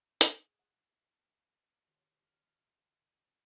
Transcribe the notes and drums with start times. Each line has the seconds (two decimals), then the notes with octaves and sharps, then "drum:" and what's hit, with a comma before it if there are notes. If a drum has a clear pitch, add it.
0.21 G#4, drum: hi-hat
0.59 F#5
1.88 D#3 F4 G4 C#5 C6
2.25 F6
2.95 D5